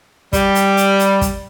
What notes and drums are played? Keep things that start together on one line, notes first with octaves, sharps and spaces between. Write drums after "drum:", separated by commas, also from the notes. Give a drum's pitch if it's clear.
G3, drum: kick, hi-hat
drum: hi-hat
drum: hi-hat
drum: hi-hat
drum: kick, hi-hat